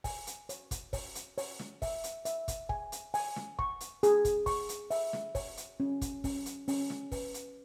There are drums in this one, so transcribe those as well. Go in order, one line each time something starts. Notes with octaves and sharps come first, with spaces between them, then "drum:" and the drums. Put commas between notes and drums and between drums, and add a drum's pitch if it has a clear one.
G#5, drum: kick, open hi-hat
drum: hi-hat
C#5, drum: hi-hat
drum: kick, hi-hat
C#5, drum: kick, open hi-hat
drum: hi-hat
C#5, drum: open hi-hat
drum: snare
E5, drum: kick, open hi-hat
drum: hi-hat
E5, drum: hi-hat
drum: kick, hi-hat
G#5, drum: kick
drum: hi-hat
G#5, drum: open hi-hat
drum: snare
C#6, drum: kick
drum: hi-hat
G#4, drum: hi-hat
drum: kick, hi-hat
C#6, drum: kick, open hi-hat
drum: hi-hat
E5, drum: open hi-hat
drum: snare
C#5, drum: kick, open hi-hat
drum: hi-hat
C#4
drum: kick, hi-hat
C#4, drum: kick, open hi-hat
drum: hi-hat
C#4, drum: open hi-hat
drum: snare
B4, drum: kick, open hi-hat
drum: hi-hat